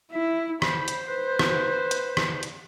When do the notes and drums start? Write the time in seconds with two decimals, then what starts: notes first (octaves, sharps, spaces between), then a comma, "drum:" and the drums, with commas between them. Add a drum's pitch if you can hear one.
0.12 E4 E5
0.62 C5 B5, drum: rim click
0.88 drum: hi-hat
1.07 B4 C5
1.39 drum: rim click
1.91 drum: hi-hat
2.17 drum: rim click
2.43 drum: hi-hat